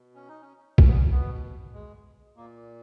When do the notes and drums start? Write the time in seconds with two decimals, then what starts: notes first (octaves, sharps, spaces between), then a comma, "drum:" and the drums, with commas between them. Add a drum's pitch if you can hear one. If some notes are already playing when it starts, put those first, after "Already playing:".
Already playing: B2
0.15 C#4
0.28 D#4
0.42 C#4
0.78 C#4, drum: kick
0.87 B3
0.96 C#4
1.11 B2 B3
1.74 G#3
2.36 A#2 A#3